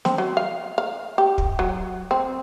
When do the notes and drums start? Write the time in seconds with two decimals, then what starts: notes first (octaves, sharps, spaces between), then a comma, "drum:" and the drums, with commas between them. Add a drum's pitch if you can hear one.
0.05 C4, drum: snare
0.18 F#3
0.37 F5
0.78 F5
1.18 G4
1.38 drum: kick
1.59 F#3
2.11 C4